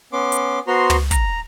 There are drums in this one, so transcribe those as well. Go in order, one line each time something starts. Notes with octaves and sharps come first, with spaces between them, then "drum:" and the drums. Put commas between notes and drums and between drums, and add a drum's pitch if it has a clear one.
B3 C#4 C6 D6
drum: hi-hat
B3 F#4 C5 A#5 C6
drum: tom
A#5, drum: kick, hi-hat